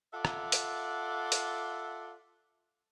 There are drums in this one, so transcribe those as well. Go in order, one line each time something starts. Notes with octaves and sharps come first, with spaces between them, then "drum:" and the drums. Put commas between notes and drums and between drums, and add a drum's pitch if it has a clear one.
F4 A4 D5 E5 F#5
drum: rim click
drum: hi-hat
drum: hi-hat